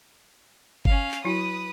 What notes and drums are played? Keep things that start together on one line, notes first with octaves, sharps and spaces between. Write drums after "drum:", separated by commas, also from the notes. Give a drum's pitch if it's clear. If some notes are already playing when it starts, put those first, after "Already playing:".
C#4 F5, drum: kick G1
drum: clap
F#3 E4 F#4 B4 D#6